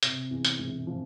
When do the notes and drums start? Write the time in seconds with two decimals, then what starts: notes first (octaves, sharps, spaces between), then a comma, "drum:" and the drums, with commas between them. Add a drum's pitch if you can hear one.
0.03 C3, drum: hi-hat
0.30 E2
0.45 drum: hi-hat
0.59 E1
0.87 F3